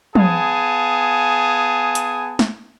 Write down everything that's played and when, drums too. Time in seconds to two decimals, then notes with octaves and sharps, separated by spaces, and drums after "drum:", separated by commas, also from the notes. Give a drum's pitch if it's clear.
0.15 B3 G#4 F5 G#5 A5 D#6, drum: tom
1.95 drum: hi-hat
2.39 drum: snare